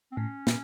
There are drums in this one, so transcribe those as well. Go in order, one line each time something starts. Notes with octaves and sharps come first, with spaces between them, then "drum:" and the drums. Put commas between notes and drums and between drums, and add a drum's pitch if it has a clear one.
C4
A2 C#4
A#2, drum: snare